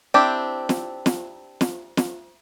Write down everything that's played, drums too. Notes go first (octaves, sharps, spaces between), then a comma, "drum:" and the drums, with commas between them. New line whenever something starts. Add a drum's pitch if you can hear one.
C4 D4 E4 G4
drum: snare
drum: snare
drum: snare
drum: snare